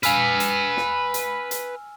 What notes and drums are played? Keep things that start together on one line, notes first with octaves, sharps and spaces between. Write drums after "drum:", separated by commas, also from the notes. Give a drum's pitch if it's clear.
B4 F5 G#5 E6 F6, drum: hi-hat
drum: hi-hat
drum: snare
drum: hi-hat
drum: hi-hat